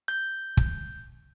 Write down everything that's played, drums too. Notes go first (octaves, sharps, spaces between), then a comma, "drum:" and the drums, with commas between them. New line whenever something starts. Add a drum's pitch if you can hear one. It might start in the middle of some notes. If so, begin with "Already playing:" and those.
G6
drum: kick